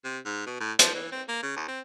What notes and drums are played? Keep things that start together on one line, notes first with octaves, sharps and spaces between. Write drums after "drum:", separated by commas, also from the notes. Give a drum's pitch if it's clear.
C3
G#2
B2
A2
F3, drum: hi-hat
E3
C4
A#3
C#3
D#2
C4